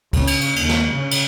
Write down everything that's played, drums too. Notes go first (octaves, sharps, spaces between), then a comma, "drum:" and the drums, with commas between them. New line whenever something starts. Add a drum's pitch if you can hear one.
C#3, drum: kick, cymbal
drum: cymbal
drum: cymbal
D#2, drum: cymbal
drum: snare
C#3
drum: cymbal